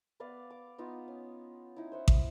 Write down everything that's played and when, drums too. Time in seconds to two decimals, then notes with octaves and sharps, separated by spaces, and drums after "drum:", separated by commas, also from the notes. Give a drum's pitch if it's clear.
0.20 B3 B4 D5 F5
0.51 D6
0.78 B3 D#4 F4
1.08 C#4
1.76 C#4 D#4 E4
1.92 C5 E5 F#5
2.08 drum: kick